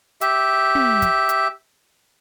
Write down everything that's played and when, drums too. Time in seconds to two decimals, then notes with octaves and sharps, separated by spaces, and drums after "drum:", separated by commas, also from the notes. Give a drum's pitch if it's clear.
0.21 G4 E5, drum: hi-hat
0.75 drum: tom
1.02 drum: kick, hi-hat
1.29 drum: hi-hat